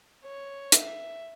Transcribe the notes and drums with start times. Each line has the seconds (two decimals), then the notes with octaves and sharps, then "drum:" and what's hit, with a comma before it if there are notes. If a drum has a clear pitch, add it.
0.24 C#5
0.72 E5, drum: hi-hat